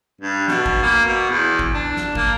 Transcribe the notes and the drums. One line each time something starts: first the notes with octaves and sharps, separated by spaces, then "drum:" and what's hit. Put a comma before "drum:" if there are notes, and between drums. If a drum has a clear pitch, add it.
G2
B2, drum: snare
drum: kick
A#3
B2
E2
drum: kick
D4
drum: snare
A#3, drum: kick